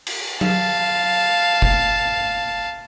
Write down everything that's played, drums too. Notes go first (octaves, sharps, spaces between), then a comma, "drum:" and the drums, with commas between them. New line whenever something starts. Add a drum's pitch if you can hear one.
drum: cymbal
F5 A5, drum: tom F#3
drum: kick F#1